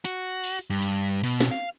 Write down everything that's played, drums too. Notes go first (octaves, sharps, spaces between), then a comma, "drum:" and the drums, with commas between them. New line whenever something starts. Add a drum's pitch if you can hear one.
F#4, drum: hi-hat
drum: open hi-hat
G2
drum: hi-hat
B2, drum: open hi-hat
drum: snare
F5